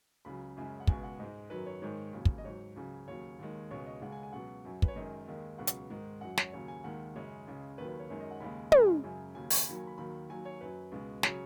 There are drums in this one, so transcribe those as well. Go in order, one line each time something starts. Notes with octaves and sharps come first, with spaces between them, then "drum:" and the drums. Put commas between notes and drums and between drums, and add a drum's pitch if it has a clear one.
C#2 C#3 F#3 B5
F#2 C#3 G#3
F#5
C#2 B2 G#3 G#5, drum: kick
F#5
G#2 G#3 D#5
F#2 D#3 F#3 B4
C#5
G#2 D#3 G#3 C#5
D#2 C#3 F#3
drum: kick
D#5
G#2 F#3 C#5
C#2 C#3 F#3
D#2 C#3 F#3 C#5
D#2 D#3 G#3
C#2 B2 G#3 C#5
D#5
C#2 C#3 G#3 F#5
G#5
G#5
C#2 B2 F#3 F#5
F#2 F#3
B4, drum: kick
C#5
F#2 D#3 G#3 D#5
D#2 D#3 G#3
C#2 B2 F#3 F#5
drum: hi-hat
G#2 D#3 G#3
F#2 F#3 F#5
C#5, drum: snare
D#2 C#3 F#3 C#5
G#5
D#2 D#3 G#3 F#5
F#2 C#3 G#3 C#5
C#2 C#3 G#3
D#2 D#3 F#3 B4
B4
C#5
F#2 D#3 G#3 C#5
D#5
F#5
D#2 C#3 G#3 B5
F#2 C#3 G#3, drum: tom
F#2 C#3 F#3
D#2 C#3 F#3 G#5
G#5, drum: open hi-hat
D#2 D#3 F#3 B5
G#5
B5
D#2 D#3 F#3 B5
D#2 D#3 F#3 G#5
C#5
F#2 F#3 B4
C#2 B2 G#3
C#3 F#3 C#5, drum: snare